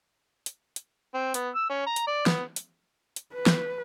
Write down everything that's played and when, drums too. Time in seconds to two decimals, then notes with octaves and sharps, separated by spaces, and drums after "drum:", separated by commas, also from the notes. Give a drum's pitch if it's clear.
0.46 drum: hi-hat
0.76 drum: hi-hat
1.14 C4
1.34 B3, drum: hi-hat
1.55 E6
1.70 C#4
1.87 A#5
1.96 drum: hi-hat
2.07 D5
2.26 B3, drum: snare
2.56 drum: hi-hat
3.16 drum: hi-hat
3.34 B4
3.46 drum: snare